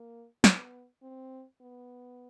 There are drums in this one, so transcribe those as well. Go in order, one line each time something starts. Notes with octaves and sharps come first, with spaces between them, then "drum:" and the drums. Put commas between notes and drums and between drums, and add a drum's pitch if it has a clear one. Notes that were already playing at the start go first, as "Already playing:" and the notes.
Already playing: A#3
B3, drum: snare
C4
B3